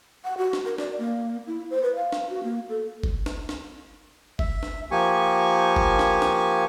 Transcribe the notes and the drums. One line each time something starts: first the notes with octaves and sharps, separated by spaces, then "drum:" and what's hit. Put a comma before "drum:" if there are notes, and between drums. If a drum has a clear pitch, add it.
F#5
F#4
drum: snare
A#4
D5, drum: snare
A#3
E4
C5
B4
F5
drum: snare
F#4
A#3
A4
drum: kick
drum: snare
drum: snare
E5, drum: kick
drum: snare
F3 A#3 G4 G#5 C#6
drum: kick
drum: snare
drum: snare